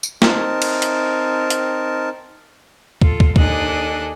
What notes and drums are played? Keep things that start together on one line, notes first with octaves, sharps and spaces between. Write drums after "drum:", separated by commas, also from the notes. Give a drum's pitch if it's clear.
drum: tambourine
C4 D#4 A#4 A5, drum: snare
drum: cymbal
drum: hi-hat
drum: hi-hat
F4 A4, drum: kick
drum: kick
D#2 D4 A4 D#5 G#5 F#6, drum: kick